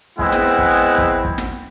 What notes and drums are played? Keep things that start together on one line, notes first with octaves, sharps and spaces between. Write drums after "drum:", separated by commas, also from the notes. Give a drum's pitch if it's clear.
G#3 B3 C4 E4 F#5, drum: kick
drum: snare
drum: kick
drum: kick
drum: kick
drum: snare